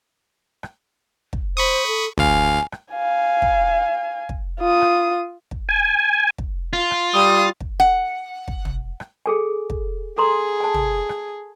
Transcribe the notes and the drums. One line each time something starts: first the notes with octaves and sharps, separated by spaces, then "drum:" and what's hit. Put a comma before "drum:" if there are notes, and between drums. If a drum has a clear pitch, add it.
drum: rim click
drum: kick
C5 B5 C#6 D#6
A4
D2 F5 G#5, drum: kick
drum: rim click
F5 G#5
drum: kick
drum: kick
F4 D#6
drum: rim click
drum: kick
G#5
drum: kick
F4
drum: rim click
G3 D#6
drum: kick
F#5
drum: kick
drum: tom
drum: rim click
G#4 A4 G#5
drum: kick
G#4 A4 A#5 C6
G#5 A5
drum: tom
drum: rim click